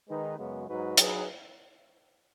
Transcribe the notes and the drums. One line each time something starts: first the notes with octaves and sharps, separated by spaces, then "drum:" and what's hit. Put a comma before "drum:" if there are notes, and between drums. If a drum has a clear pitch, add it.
D#3 G#3 D#4 B4
F#2 C#3 G#3 B3 F#4
G#2 F#3 D#4 F#4 B4
F#3 D#4 G#4 B4, drum: hi-hat